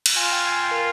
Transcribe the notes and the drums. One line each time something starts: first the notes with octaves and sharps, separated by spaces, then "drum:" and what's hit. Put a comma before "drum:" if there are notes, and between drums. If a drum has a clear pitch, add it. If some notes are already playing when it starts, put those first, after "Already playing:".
drum: cymbal
F4 G#5
G5
G#5
G5
A#4